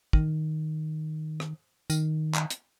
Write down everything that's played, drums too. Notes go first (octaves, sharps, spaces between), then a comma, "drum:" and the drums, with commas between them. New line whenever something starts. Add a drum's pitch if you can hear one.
D#3, drum: kick
drum: rim click
D#3, drum: tambourine
drum: clap
drum: hi-hat